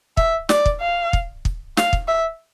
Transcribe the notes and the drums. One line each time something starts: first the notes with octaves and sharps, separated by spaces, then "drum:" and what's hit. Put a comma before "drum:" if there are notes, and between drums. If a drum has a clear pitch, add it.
E5, drum: kick
D5, drum: snare
drum: kick
F5
drum: kick
drum: kick
F5, drum: snare
drum: kick
E5